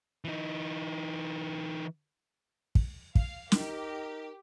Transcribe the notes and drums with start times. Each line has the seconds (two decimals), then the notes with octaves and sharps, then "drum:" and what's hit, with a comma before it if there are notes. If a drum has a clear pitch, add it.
0.24 E3 D#4
2.75 drum: kick
3.15 F5, drum: kick
3.52 D#4 G4 A#4, drum: snare